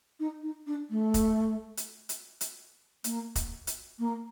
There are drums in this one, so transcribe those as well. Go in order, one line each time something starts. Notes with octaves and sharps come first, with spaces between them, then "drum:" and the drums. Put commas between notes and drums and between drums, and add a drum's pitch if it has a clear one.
D#4
D#4
D4
A3
drum: kick, hi-hat
drum: hi-hat
drum: hi-hat
drum: hi-hat
A#3, drum: hi-hat
drum: kick, hi-hat
drum: hi-hat
A#3